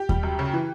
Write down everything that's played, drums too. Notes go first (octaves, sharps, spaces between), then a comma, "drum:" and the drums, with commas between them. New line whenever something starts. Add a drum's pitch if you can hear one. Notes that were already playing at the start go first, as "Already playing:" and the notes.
Already playing: G4
G3, drum: kick D#2
F#2
C#3
E3